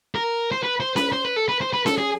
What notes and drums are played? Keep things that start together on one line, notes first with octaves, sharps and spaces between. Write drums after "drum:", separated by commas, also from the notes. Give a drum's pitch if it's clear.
A#4
C5
B4
C5
B4, drum: snare C#4
C5
B4
A4
B4
C5
B4
A4, drum: snare C#4
G#4